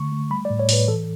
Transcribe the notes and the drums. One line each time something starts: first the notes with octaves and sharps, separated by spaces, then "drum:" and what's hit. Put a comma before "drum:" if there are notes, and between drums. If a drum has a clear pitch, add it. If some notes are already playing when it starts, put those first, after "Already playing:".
Already playing: D3 A3 C#6
A3
G3 B5
D5
A2
C#5
A2 B4, drum: open hi-hat
E3 A4